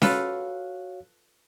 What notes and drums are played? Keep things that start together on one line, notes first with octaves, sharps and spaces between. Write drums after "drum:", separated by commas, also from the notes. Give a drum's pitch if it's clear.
F4 F#4 A4 B4 C#5 F5, drum: snare C#4